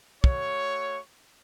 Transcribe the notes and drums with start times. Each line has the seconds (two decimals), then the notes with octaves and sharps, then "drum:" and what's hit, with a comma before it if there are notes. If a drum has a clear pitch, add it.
0.24 A3 F#4 C#5, drum: kick